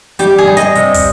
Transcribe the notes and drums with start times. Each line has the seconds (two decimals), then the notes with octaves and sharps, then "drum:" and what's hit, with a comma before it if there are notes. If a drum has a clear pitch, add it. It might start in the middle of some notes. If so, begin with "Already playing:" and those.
0.19 G3 G4, drum: hi-hat
0.38 G#4
0.47 G3
0.57 D#5, drum: hi-hat
0.75 C3, drum: hi-hat
0.94 drum: kick, open hi-hat